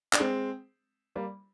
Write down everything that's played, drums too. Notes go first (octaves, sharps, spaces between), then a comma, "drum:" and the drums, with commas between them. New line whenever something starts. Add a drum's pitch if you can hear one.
D4, drum: clap
G#3 C4
G3 A#3